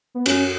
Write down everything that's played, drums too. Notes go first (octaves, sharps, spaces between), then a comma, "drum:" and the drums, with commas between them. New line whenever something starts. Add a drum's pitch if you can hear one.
B3
F#2 F#3 C#4, drum: cymbal